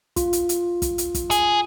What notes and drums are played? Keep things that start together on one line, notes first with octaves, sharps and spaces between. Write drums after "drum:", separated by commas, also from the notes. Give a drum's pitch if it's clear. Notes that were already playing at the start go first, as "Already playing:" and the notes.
F4, drum: kick, hi-hat
drum: hi-hat
drum: hi-hat
drum: kick, hi-hat
drum: hi-hat
drum: kick, hi-hat
G#4, drum: hi-hat